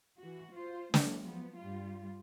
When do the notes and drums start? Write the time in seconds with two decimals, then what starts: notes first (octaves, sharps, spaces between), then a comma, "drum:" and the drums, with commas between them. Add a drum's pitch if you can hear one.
0.19 E3 F#4
0.52 F4 C5
0.94 E3 F#3 G#3 A#3, drum: snare
1.24 F3 B3
1.58 G2 G3 F4